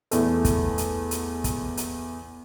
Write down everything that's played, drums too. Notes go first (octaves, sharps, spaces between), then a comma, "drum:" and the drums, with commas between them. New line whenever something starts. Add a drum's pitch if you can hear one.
E2 A3, drum: hi-hat
drum: kick, hi-hat
drum: hi-hat
drum: hi-hat
drum: kick, hi-hat
drum: hi-hat